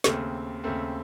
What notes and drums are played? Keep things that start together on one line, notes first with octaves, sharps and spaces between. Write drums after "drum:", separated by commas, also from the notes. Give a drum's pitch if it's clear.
D#2 C#3 A3 C4, drum: snare
D#2 C#3 A3 C4